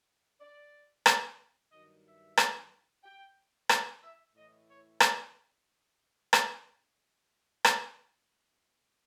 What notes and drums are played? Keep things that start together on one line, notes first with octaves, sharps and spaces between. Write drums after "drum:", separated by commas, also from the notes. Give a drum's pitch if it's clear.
D5
drum: rim click
G2 D#3 F#3 D#5
E5
drum: rim click
G5
F#5, drum: rim click
E5
A2 E3 D#5
C#5
D5, drum: rim click
drum: rim click
drum: rim click